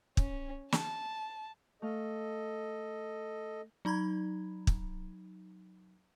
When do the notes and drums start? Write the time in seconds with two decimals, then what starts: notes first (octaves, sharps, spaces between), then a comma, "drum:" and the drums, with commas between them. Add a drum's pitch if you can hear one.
0.17 C#4, drum: kick
0.72 A5, drum: snare
1.82 A3 A4 D#5 F5
3.85 F#3 D#4 A#5 B5 G#6
4.67 drum: kick